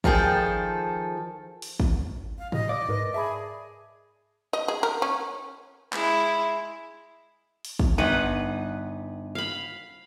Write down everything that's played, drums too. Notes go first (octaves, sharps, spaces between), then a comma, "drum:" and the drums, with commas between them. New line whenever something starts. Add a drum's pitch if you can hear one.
D#3 F3 G#4 A4 G5, drum: kick
drum: open hi-hat
drum: kick
F5
A2 D#5, drum: tom A#2
D5 F5
G#2 A#4 B4
G#4 E5 A5 B5
D#5
G#4
A#4
C#4
G#3 E4, drum: clap
drum: open hi-hat
drum: kick
G1 D#4 B4 F#5
F5 B5